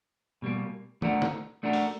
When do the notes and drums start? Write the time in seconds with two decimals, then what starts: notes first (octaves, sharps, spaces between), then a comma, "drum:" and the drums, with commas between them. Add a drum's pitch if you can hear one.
0.42 B2 G3 A#3
1.02 A3 D4 F#4 A#4, drum: tom D#3
1.22 drum: snare
1.63 A3 D4 F#4 A#4
1.73 drum: open hi-hat